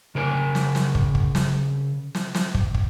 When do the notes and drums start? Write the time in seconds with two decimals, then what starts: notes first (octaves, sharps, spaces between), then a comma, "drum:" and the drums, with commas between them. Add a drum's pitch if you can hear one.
0.15 C#3 A#4 C#5 G#5
0.55 drum: snare
0.75 drum: snare
0.95 drum: kick
1.15 drum: kick
1.35 drum: snare
2.15 drum: snare
2.35 drum: snare
2.54 drum: kick
2.74 drum: kick